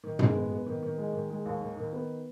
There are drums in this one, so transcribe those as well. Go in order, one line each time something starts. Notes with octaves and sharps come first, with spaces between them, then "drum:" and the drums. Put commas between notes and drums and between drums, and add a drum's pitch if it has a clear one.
D#3
G#3, drum: tom
B3
B3
D#3
D#3
G#3
D#3
G#3
D#2
D#3
D#3
B3